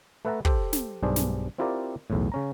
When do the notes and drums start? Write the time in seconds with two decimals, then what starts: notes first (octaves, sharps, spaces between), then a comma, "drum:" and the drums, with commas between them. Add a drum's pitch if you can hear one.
0.25 A3 B4 E5 F#5 A5 A#5
0.45 G4 A4 C5, drum: kick
0.73 drum: snare
1.03 B1 G2 D4 G#4 C5
1.16 drum: snare
1.58 C4 E4 F4 G4 A#4 D5
2.10 B1 E2 A2
2.32 C#3 C#4 A#5